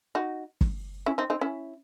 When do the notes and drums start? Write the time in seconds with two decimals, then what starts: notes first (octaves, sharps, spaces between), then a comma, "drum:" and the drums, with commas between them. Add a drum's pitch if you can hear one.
0.15 D#4 F#4
0.61 drum: kick
1.06 C#4 E4
1.18 C4 D#4
1.30 C4 D#4
1.41 C#4 E4